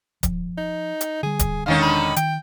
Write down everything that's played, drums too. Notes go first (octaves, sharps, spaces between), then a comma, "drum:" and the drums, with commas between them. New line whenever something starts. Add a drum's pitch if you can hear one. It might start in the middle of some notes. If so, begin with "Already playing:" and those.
F3, drum: kick D1, hi-hat
D#4
drum: hi-hat
D3 G3 G#4
drum: kick D1, hi-hat
E1 D3 D#3 G#3 C#4 F5
B5
D#3 G5, drum: hi-hat